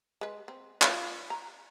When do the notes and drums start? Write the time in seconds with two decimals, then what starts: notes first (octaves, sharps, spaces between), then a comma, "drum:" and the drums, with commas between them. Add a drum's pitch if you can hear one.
0.21 G#3 B4
0.48 C4
0.82 F4 F5, drum: clap
1.30 A#5